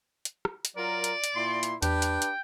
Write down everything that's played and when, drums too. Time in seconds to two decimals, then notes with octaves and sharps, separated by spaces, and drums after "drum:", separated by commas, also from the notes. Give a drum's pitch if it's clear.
0.25 drum: hi-hat
0.45 drum: rim click
0.65 drum: hi-hat
0.77 F#3 F4 A#4 D5
1.04 drum: hi-hat
1.24 drum: hi-hat
1.36 A#2 E4 C6
1.63 drum: hi-hat
1.82 E2 D4 G4 B4 G5, drum: hi-hat
2.02 drum: hi-hat
2.22 drum: hi-hat